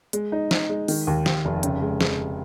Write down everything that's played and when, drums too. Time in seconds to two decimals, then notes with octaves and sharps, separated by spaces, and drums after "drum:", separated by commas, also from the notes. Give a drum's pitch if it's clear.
0.13 G#3, drum: hi-hat
0.32 D#4
0.51 D#4, drum: snare
0.69 G#3
0.88 D#3, drum: open hi-hat
1.07 D#2
1.26 D#2, drum: snare
1.45 F1
1.63 C#3, drum: hi-hat
1.82 G#3
2.01 G#3, drum: snare